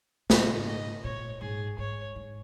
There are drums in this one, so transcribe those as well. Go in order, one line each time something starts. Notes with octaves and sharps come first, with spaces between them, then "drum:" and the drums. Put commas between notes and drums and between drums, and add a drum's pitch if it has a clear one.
G#2 D#5, drum: snare
A#2
G#2
D#5
A#2 C#5
G#2 G#4
G#2 C#5
G#2